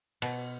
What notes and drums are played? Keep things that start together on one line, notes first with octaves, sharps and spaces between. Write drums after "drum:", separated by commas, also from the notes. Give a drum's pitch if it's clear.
B2, drum: cymbal